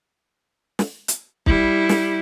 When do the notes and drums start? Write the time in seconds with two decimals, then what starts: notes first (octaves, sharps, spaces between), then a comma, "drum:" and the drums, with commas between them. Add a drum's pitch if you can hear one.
0.79 drum: snare
1.08 drum: hi-hat
1.46 G3 E4, drum: kick
1.89 drum: snare